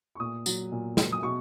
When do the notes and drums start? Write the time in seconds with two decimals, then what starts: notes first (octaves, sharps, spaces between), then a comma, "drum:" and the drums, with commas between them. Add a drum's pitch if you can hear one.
0.15 C#6
0.20 A#2 D#6
0.46 F#3, drum: tambourine
0.72 A#2
0.97 F#3, drum: snare
1.12 D#6
1.23 B2 C#6